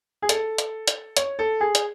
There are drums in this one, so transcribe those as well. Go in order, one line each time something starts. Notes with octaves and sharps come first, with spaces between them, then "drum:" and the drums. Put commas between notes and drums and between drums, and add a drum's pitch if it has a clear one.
G#4
A4, drum: hi-hat
drum: hi-hat
drum: hi-hat
C#5, drum: hi-hat
A4
G#4
drum: hi-hat